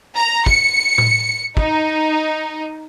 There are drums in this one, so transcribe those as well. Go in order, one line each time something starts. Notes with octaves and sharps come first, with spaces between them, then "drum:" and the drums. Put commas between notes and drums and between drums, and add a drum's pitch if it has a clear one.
A#5
C#7, drum: kick
drum: tom A2
D#4, drum: kick